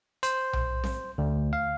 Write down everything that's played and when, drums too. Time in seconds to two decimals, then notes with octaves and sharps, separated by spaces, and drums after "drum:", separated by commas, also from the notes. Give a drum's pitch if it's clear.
0.23 C5, drum: hi-hat
0.53 drum: tom B1
0.84 drum: snare C4
1.18 D2
1.53 F5